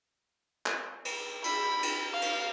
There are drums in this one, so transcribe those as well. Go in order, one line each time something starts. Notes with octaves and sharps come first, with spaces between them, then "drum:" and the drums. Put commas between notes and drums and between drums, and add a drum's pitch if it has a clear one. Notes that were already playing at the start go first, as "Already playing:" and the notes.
drum: clap
drum: cymbal
B5, drum: cymbal
drum: cymbal
F5
drum: cymbal